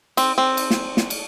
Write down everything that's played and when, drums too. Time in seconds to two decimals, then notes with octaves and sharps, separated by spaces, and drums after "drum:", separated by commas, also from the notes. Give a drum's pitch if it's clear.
0.17 C4, drum: cymbal
0.38 C4
0.57 drum: cymbal
0.71 drum: snare
0.97 drum: snare
1.10 drum: cymbal